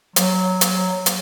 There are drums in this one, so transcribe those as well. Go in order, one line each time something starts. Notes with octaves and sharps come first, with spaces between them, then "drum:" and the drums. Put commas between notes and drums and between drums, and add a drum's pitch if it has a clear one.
F#3, drum: hi-hat
drum: hi-hat
drum: hi-hat